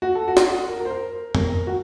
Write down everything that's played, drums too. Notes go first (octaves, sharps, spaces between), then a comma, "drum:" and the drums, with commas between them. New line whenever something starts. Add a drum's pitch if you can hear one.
F#4
A4
F#4
drum: snare
A#4
A#4
C5
A#4
A#4, drum: tom F2
F#4